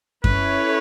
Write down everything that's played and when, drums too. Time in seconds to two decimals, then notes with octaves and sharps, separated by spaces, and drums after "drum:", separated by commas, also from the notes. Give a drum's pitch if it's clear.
0.24 C#4 E4 A4 B4 C#5, drum: kick F#2